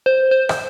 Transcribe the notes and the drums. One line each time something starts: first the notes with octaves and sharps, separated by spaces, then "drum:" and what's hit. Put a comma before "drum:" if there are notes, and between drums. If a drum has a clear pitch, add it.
C5
C5
drum: rim click